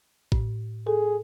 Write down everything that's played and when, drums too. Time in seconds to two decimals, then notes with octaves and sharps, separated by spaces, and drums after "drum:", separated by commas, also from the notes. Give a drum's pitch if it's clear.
0.32 A2, drum: kick A1
0.87 G#4 A4